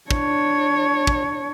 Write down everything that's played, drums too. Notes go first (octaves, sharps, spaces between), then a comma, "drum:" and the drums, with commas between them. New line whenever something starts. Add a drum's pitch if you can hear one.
D4 C#5, drum: kick
drum: kick